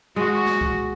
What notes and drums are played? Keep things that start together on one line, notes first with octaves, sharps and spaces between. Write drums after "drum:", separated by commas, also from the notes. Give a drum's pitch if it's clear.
G#3 F#4
drum: snare
drum: kick C2